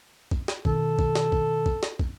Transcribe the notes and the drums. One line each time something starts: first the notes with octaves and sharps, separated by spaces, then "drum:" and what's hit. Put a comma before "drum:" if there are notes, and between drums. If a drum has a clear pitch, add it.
drum: kick
drum: snare
B2 D#3 A4, drum: kick
drum: kick
drum: snare
drum: kick
drum: kick
drum: snare
drum: kick